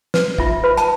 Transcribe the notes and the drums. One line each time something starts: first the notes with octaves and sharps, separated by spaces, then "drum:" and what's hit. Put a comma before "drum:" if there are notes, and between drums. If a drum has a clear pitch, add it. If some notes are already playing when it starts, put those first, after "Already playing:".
B4, drum: snare
F4 E5, drum: kick
B4 B5
A5, drum: hi-hat